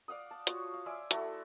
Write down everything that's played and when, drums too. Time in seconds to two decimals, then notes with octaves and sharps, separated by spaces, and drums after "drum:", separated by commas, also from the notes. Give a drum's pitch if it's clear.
0.08 D5 F5 F#5 D#6
0.31 A5
0.47 F4 F#4 C#5, drum: hi-hat
0.74 F5
0.86 D5 E5 G#5 C6
1.11 A3 E4 F#4 A4, drum: hi-hat